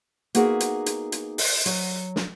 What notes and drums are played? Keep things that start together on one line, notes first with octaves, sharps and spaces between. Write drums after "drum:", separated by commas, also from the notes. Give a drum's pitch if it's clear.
A#3 B3 D#4 F#4 G#4 A#4, drum: hi-hat
drum: hi-hat
drum: hi-hat
drum: hi-hat
drum: open hi-hat
F#3, drum: hi-hat
drum: snare